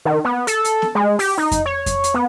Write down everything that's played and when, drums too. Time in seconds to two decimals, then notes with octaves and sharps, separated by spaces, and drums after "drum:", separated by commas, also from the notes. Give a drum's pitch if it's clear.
0.05 D#3
0.25 B3
0.47 A4, drum: hi-hat
0.65 drum: hi-hat
0.82 drum: snare B3
0.95 G#3
1.19 G4, drum: open hi-hat
1.38 D#4
1.51 drum: kick F2, hi-hat
1.66 C#5
1.86 drum: kick F2, hi-hat
2.04 drum: hi-hat
2.14 B3